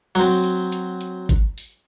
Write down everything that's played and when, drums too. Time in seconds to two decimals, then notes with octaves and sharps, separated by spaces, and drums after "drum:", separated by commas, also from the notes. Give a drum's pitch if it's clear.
0.15 F#3 C4, drum: open hi-hat
0.44 drum: hi-hat
0.72 drum: hi-hat
1.01 drum: hi-hat
1.29 drum: kick, hi-hat
1.58 drum: open hi-hat